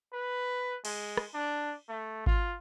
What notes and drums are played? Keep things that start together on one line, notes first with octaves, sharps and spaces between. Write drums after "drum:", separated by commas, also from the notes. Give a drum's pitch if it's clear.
B4
G#3, drum: cymbal
drum: rim click
D4
A3
F4, drum: kick G#1